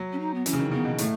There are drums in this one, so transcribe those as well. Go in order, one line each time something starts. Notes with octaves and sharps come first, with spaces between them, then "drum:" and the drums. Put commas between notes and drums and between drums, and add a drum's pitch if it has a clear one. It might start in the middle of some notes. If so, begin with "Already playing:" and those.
Already playing: F#3
C#4
D#4
B3
E3 C#4, drum: hi-hat
C#3
D#3
C#3 B3
B2
A2 A3, drum: hi-hat